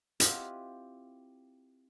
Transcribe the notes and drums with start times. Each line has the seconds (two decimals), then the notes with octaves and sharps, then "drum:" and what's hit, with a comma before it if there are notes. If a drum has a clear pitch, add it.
0.20 C4 E4 F4 G4 D#5 F#5, drum: hi-hat